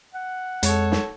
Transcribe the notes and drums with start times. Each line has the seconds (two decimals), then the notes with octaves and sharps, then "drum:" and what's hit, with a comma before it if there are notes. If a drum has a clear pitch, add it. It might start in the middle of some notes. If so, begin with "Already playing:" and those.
0.14 F#5
0.63 F2 G#3 A4 C#5, drum: hi-hat
0.92 drum: snare